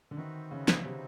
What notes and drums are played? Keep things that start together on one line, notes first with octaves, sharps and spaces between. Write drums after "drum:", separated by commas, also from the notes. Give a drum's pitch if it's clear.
D3
D#3 C4 D#4 F#4 B4 E5
C#3
drum: snare
C3